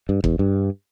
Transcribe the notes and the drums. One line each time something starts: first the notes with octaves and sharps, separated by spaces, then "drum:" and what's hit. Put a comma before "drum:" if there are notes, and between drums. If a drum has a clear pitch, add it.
G2
E2, drum: kick F1
G2